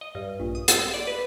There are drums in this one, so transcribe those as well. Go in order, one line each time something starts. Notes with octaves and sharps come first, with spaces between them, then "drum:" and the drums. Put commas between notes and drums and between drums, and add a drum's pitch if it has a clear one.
D#5
G2
A#1
D#6
E6, drum: hi-hat
D5
B4